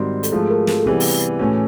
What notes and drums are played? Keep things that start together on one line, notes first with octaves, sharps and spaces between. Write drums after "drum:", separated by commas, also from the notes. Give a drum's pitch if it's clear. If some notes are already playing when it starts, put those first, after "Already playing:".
Already playing: G#2 D#3 G3 C4 F#4
A4, drum: hi-hat
G#2 F3 A3 G#4
A#4
A#4, drum: snare
A4
C3 E3 G3 B3 G#4
drum: open hi-hat
A2 E3 A3 C#4 F#4